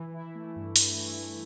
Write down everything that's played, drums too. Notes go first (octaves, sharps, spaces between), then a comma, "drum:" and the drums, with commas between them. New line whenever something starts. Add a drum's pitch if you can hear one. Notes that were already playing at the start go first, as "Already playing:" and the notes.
Already playing: E3
E4
A3
G2
G2, drum: open hi-hat
A3
E3